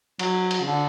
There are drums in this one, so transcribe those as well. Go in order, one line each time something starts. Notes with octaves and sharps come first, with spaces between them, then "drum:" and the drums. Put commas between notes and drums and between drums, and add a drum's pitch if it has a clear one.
F#3, drum: cymbal
drum: cymbal
C#3
D3